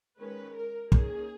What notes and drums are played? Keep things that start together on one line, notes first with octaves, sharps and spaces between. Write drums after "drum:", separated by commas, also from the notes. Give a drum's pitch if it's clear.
D#3 G#3 C#4 B4
A#4
D#3 A#3 C#4 G#4, drum: kick